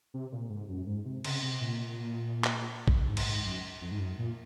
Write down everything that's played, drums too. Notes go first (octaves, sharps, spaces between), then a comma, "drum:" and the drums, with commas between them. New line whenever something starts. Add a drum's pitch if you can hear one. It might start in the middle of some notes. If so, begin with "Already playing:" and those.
C3
A#2
G#2
F#2
G#2
C3
C#3, drum: cymbal
C3
A#2
drum: clap
drum: kick A1
G#2
drum: cymbal
G#2
F#2
F2
G#2
F#2
A#2